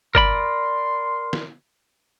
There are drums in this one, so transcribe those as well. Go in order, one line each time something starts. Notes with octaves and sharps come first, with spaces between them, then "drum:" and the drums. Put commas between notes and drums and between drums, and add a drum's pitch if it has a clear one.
A#4 D5 B5 C6, drum: kick G1
drum: snare